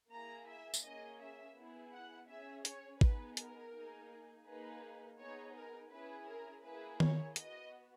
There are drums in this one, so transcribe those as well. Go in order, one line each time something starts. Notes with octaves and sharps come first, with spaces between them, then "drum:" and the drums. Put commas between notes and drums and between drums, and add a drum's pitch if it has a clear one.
A#3 E4 G#4 A#5
E5
drum: tambourine
A#3 C#4 G#4 D#5
E5
B3 E4 G#4
F#5
C#4 G#4 E5
C#5, drum: hi-hat
B3 D#4 G#4 B4, drum: kick
A#4, drum: hi-hat
A#3 D#4 G#4
A#3 D#4 G#4 B4
B3 D#4 G#4 C#5
A#4
C#4 E4 G#4 B4
A#4
A#3 E4 G#4 B4
C#5, drum: tom D#3
B3 F#4 D#5, drum: hi-hat